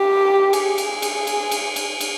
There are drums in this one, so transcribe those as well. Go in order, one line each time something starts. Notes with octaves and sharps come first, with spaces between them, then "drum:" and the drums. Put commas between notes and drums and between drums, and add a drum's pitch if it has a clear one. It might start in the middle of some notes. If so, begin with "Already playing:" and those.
Already playing: G4
G#4, drum: cymbal
drum: cymbal
drum: cymbal
drum: cymbal
drum: cymbal
drum: cymbal
drum: cymbal